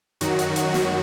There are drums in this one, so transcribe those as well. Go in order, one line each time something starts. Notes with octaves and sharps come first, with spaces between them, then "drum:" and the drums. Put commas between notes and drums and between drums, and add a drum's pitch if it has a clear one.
F#2 D#3 F#3 F#4, drum: hi-hat
drum: hi-hat
F#4, drum: hi-hat
drum: snare